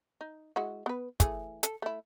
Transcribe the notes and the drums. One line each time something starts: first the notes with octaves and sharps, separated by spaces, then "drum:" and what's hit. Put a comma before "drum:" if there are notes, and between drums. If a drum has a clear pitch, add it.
D#4
G#3 E4 F#4
B3 B4
E3 A3 G#4, drum: kick, hi-hat
A4, drum: hi-hat
A3 E4